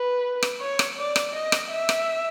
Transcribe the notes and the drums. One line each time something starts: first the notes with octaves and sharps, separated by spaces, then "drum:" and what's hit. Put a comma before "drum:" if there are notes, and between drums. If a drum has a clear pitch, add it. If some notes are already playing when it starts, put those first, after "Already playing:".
Already playing: B4
drum: rim click
C#5
drum: rim click
D5
drum: rim click
D#5
drum: rim click
E5
drum: rim click